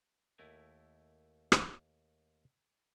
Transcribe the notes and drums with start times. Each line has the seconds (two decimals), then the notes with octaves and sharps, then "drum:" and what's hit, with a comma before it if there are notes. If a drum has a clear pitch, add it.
0.38 D#2 A3 E4 A#4 G#5
1.52 drum: rim click